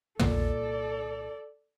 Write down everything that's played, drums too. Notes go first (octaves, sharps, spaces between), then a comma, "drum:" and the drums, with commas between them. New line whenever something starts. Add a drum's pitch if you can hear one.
C2 A#2 A#3 A4 D5, drum: tom